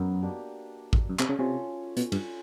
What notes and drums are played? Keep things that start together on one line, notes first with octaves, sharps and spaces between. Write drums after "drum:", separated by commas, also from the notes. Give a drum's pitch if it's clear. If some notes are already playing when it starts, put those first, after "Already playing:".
Already playing: F#2 F#3 B3 D#4
A#3 D4 G4
drum: kick A1
F#2
C3, drum: clap
C#3
C3 C#4 F4 A4
B2, drum: hi-hat
G2, drum: cymbal